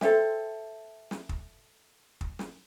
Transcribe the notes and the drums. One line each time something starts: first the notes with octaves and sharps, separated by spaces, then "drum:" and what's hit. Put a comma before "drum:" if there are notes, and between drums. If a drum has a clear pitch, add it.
A4 C5 E5 G5, drum: snare
drum: snare
drum: kick
drum: kick
drum: snare